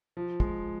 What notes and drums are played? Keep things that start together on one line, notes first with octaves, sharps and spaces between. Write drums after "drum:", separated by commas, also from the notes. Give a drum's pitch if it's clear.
F3
G#3, drum: kick